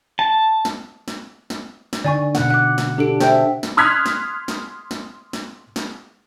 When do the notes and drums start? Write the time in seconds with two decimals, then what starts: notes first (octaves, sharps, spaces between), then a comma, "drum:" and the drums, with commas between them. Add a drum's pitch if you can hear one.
0.19 A5
0.65 drum: snare
1.08 drum: snare
1.50 drum: snare
1.93 drum: snare
2.04 D3 D#4 D5 G#5 C#6
2.35 B2 F#5, drum: snare
2.50 F#5 D6 F#6
2.78 drum: snare
2.98 D4 G4 A4 D7
3.20 A4 C5 E5 G5, drum: snare
3.63 drum: snare
3.77 C6 D#6 F6 F#6 G#6 B6
4.06 drum: snare
4.48 drum: snare
4.91 drum: snare
5.33 drum: snare
5.76 drum: snare